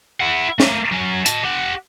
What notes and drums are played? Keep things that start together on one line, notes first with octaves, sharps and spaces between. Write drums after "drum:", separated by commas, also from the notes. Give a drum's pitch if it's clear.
E4 F#5
A3 A#3, drum: snare
F#3 C#4
D#5 A5, drum: hi-hat
G4 F#5